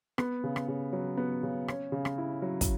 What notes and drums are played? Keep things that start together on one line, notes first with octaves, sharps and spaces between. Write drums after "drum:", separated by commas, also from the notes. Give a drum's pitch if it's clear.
B3, drum: rim click
C#3
drum: rim click
C#3
F#3
B3
C#3
C#4, drum: rim click
C#3
drum: rim click
E4
F#3
drum: kick, hi-hat